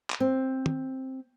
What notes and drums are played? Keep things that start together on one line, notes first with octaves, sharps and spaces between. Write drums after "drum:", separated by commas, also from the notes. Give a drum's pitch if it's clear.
drum: clap
C4
drum: tom